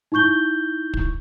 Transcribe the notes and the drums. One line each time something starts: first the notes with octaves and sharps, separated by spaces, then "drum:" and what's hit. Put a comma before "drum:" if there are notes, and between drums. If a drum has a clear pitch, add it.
D#4 E4 C#6 G6 G7
drum: kick